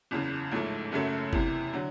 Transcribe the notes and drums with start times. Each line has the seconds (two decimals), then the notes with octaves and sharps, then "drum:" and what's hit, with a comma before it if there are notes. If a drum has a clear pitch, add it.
0.11 F#1 E2 C#3
0.51 A1 G#2 F3 A3
0.92 F#1 F#2 C#3 F#3 A3
1.33 E2 C3 E3, drum: kick
1.73 D3 F#3